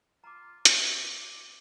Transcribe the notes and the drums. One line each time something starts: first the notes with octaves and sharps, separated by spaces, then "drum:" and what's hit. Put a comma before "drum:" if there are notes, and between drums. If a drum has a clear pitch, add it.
F4 A#5 D6
G4 D5, drum: hi-hat